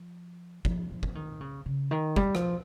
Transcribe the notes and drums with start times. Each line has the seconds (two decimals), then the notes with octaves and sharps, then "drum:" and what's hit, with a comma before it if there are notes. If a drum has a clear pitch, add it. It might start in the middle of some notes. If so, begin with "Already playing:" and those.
Already playing: F3
0.65 F3, drum: kick
0.91 F3
1.03 drum: kick
1.15 D#3
1.41 C#3
1.66 C#3
1.91 D#3
2.16 G3, drum: kick
2.35 F3, drum: rim click